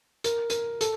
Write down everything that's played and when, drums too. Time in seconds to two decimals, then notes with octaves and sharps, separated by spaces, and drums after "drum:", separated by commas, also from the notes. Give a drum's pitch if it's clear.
0.24 A#4, drum: hi-hat
0.50 A#4, drum: hi-hat
0.81 A4, drum: hi-hat